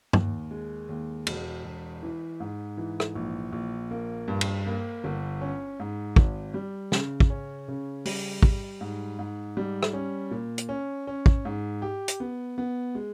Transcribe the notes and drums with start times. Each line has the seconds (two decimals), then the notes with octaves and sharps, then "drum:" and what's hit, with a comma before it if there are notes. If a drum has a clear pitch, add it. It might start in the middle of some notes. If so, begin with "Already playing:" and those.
0.13 D#2, drum: tom G2
0.51 G#3
0.89 D#2
1.27 E1, drum: cymbal
1.64 E1
2.03 E3
2.40 G#2
2.77 E3
3.00 drum: rim click
3.15 A#1
3.52 A#1
3.91 A#3
4.28 G2
4.41 drum: cymbal
4.66 A#3
5.04 G1
5.41 C#4
5.80 G#2
6.16 G#1, drum: kick
6.54 G3
6.92 C#3, drum: snare
7.20 drum: kick
7.30 C#4
7.68 C#3
8.05 G3, drum: open hi-hat
8.43 G3, drum: kick
8.81 G#2
9.19 G#2
9.57 G3
9.83 drum: rim click
9.93 C#4
10.31 A#2
10.58 drum: hi-hat
10.69 C#4
11.07 C#4
11.26 drum: kick
11.45 G#2
11.82 G4
12.08 drum: hi-hat
12.20 B3
12.58 B3
12.95 G#3